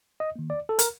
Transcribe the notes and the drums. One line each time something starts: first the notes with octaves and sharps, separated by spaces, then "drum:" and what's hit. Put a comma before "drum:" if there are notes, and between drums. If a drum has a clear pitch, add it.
D#5
D#3 A#3
D5
A4
A#4, drum: hi-hat